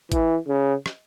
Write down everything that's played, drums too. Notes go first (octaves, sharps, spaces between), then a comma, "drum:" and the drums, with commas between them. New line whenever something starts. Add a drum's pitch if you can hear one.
E3, drum: kick G#1, hi-hat
C#3
drum: rim click